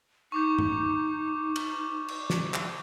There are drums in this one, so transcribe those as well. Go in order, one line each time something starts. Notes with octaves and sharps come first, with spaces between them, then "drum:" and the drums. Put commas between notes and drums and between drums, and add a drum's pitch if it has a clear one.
D#4 C#6 D6 G6
drum: tom G2
drum: cymbal
drum: cymbal
drum: snare
drum: clap